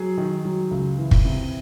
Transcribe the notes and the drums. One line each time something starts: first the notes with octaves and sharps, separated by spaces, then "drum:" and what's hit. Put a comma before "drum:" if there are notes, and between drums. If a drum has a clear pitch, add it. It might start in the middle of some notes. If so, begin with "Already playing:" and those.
Already playing: F#3 G#4
D#3
F#3
C#2
E3
drum: kick
C3